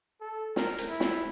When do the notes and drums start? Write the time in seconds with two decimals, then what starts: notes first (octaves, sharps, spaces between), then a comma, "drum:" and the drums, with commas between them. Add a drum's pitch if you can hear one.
0.21 A4
0.56 A#4, drum: snare
0.78 drum: hi-hat
0.89 E4
1.00 drum: snare